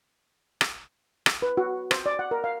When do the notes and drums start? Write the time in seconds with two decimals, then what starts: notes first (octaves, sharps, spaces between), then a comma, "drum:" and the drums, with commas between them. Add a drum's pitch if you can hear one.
0.61 drum: rim click
1.26 drum: rim click
1.42 B4
1.57 F#4
1.91 C5, drum: rim click
2.06 D5
2.19 F#5
2.31 A#4
2.44 F5